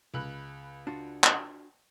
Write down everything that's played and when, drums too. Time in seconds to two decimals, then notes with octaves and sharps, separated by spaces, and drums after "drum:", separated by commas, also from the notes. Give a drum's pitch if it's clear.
0.14 C#2 B5 F#6
0.87 D4 F4 F#4
1.24 drum: clap